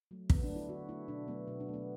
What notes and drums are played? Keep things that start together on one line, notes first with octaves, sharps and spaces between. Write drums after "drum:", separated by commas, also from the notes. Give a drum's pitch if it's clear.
F#3 A3
D3 B3, drum: kick
D4
A3
E4
D3 F#4
A3 E4
B2 D4
F#3 A3 B3
B2 B3
D4
F#3 A3
B3